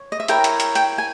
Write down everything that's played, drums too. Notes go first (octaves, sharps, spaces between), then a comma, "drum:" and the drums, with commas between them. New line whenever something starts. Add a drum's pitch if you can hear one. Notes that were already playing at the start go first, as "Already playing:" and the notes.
Already playing: C#5
D#5
E5
E4 A#4 C#5 G5, drum: hi-hat
drum: hi-hat
drum: hi-hat
G5, drum: hi-hat
G#5